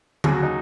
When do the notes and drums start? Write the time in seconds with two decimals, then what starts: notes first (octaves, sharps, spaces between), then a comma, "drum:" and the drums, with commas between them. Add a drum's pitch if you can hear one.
0.24 D#2 C#3 F#3 G#4, drum: tom D3
0.34 F#4
0.43 D#4